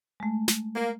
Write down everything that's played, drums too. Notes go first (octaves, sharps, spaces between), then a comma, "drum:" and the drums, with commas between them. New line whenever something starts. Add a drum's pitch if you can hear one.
G#3 A3
drum: snare
A#3